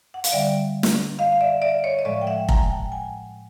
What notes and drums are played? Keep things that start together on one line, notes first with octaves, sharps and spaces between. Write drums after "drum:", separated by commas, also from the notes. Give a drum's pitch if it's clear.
F#5
F5, drum: hi-hat
D3 G3 D5 E5
drum: snare
D#5 F5
F5
D5 E5
D5 E5
C#5 D#5
D#5
A2 F3 G#3 D5 E5
G5
E5 F#5
G#5 A#5, drum: kick F1
G5 A5
F#5 G#5